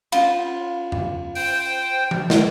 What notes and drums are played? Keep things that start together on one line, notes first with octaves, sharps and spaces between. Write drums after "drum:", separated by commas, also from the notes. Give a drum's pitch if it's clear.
C#4 F4 B5, drum: cymbal
drum: tom F2
C5 G5, drum: open hi-hat
drum: tom E3
drum: snare